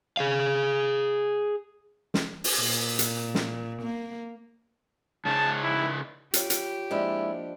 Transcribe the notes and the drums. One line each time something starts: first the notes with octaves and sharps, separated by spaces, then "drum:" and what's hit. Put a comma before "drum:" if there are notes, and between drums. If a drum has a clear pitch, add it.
G#4 F5
drum: snare
drum: open hi-hat
A#2
drum: hi-hat
drum: snare
A#3
C#3 C#4 D#4 A5
E4
F4 G4 C#5, drum: hi-hat
drum: hi-hat
F3 G#3 A#3 D4 E4 D#5